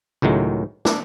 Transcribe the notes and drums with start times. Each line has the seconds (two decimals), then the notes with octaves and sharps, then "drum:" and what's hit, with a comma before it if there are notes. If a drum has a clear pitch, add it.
0.22 C#2 A2 D#3 F#3 G#3
0.85 D4, drum: snare